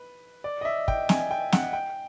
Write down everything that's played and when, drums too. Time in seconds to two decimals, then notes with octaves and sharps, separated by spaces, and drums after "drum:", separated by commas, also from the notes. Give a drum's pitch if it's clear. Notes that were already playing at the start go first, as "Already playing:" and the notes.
Already playing: B4
0.44 D5
0.61 D#5
0.65 E5
0.88 G5, drum: kick
1.09 G#5, drum: snare
1.31 G5
1.52 F#5, drum: snare
1.73 G5